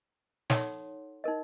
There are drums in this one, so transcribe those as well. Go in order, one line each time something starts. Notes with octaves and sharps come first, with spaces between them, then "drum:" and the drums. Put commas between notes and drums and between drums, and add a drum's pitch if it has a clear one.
D#4 A4 C#5 F#5 C6, drum: snare
D#4 A#4 D#5